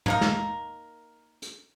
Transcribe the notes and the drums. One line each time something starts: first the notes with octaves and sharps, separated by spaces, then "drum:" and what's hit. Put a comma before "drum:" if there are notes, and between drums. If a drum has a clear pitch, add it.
A#3 D#4 A#4, drum: tom
drum: snare
drum: hi-hat